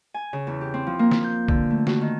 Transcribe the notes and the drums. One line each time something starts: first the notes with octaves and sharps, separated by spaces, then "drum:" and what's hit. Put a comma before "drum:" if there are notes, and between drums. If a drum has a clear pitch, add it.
G#5
C#3
E2
G4
C4
F3
A#3
drum: snare
G6
D3, drum: kick
A3
F#4, drum: snare
D#3